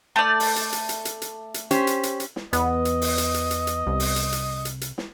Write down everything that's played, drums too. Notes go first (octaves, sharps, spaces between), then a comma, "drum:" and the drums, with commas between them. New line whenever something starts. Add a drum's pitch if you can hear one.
A3 D5
drum: open hi-hat
drum: hi-hat
drum: hi-hat
drum: hi-hat
drum: hi-hat
drum: hi-hat
drum: hi-hat
C#4 G4 C5, drum: hi-hat
drum: hi-hat
drum: hi-hat
drum: hi-hat
drum: snare
E2 B3 D#5, drum: hi-hat
drum: hi-hat
drum: open hi-hat
drum: hi-hat
drum: hi-hat
drum: hi-hat
drum: hi-hat
C2
drum: open hi-hat
drum: hi-hat
drum: hi-hat
drum: hi-hat
drum: hi-hat
drum: snare